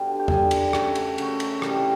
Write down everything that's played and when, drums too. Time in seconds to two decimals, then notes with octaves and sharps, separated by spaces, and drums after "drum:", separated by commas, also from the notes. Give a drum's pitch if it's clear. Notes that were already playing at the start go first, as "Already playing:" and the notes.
Already playing: B2 D3 G3
0.19 G4
0.28 D3 G3 G#4, drum: tom E2
0.51 drum: cymbal
0.73 C#3 F#3 A3, drum: rim click
0.95 drum: cymbal
1.18 C#3 F#3 A3, drum: cymbal
1.40 drum: cymbal
1.62 C3 E3 G3, drum: rim click